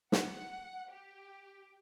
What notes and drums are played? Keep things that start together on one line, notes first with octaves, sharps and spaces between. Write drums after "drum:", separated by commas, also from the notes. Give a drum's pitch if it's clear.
F#5, drum: snare
G4